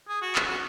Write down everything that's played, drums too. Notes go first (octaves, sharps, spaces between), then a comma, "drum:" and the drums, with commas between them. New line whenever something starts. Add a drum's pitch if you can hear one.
G#4
F#4
F4, drum: clap
F#4